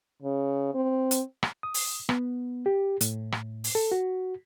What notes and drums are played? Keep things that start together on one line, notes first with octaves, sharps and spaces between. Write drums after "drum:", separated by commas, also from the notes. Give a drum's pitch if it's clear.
C#3
C4
drum: hi-hat
drum: rim click
D#6
drum: open hi-hat
B3, drum: rim click
G4
A2, drum: hi-hat
drum: rim click
drum: open hi-hat
A4
F#4